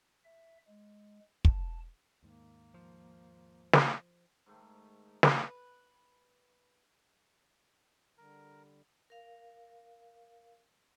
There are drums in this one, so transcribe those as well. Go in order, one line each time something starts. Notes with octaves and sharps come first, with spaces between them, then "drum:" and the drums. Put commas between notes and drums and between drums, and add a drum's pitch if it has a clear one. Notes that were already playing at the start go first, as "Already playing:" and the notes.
E5
G#3
A5, drum: kick
D#2 G#2 D#3 A#3
F3
drum: snare
G#2 D#3 A3
drum: snare
B4
D3 G3 A#4
A#4 F5